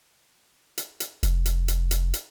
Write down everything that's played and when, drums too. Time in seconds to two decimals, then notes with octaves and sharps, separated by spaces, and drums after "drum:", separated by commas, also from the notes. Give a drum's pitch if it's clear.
0.78 drum: hi-hat
1.00 drum: hi-hat
1.23 F1, drum: hi-hat
1.46 drum: hi-hat
1.68 drum: hi-hat
1.91 drum: hi-hat
2.14 drum: hi-hat